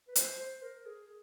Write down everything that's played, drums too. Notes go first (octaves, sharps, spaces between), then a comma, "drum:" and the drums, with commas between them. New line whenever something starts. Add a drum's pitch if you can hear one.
B4
C5, drum: hi-hat
C5
A#4
G#4